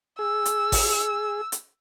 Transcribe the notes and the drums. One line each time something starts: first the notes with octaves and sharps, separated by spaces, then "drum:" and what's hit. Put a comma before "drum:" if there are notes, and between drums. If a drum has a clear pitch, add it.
G#4 E6
drum: hi-hat
drum: kick G#1, open hi-hat
drum: hi-hat